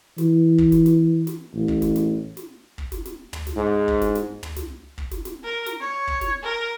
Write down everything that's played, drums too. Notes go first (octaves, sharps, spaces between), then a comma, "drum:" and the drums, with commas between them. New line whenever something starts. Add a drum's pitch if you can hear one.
E3, drum: snare
drum: kick
drum: snare
drum: snare
drum: snare
A1
drum: kick
drum: snare
drum: snare
drum: snare
drum: kick
drum: snare
drum: snare
drum: tom
drum: snare
G#2
drum: kick
drum: snare
drum: snare
drum: tom
drum: snare
drum: kick
drum: snare
drum: snare
A#4
drum: snare
C#5
drum: kick
drum: snare
A#4